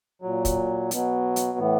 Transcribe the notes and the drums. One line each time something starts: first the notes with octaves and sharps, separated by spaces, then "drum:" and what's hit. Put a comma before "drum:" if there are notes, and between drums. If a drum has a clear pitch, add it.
A#2 F#3
drum: kick, hi-hat
B2 F#3, drum: hi-hat
drum: hi-hat
A2 E3 B3